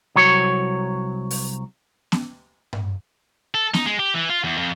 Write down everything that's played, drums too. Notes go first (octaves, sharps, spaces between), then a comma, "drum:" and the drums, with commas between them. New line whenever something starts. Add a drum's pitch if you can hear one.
C2 F#3 C#5
drum: open hi-hat
drum: snare B3
drum: tom G2
A4
D#4, drum: snare B3
G#3
G4
E3
F4
E2
F2